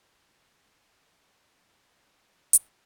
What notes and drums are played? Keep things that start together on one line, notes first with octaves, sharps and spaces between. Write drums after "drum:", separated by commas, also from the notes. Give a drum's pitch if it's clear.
D#4
F4
G#4
drum: hi-hat